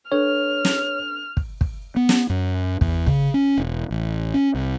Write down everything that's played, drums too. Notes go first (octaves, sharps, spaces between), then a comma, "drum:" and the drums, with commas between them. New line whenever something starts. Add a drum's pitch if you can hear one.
D4 A4 B4 C#5 F6
drum: snare
drum: kick
drum: kick
B3
drum: snare
F#2
E2, drum: kick
C#3, drum: kick
C#4
E1
A1
C#4
C2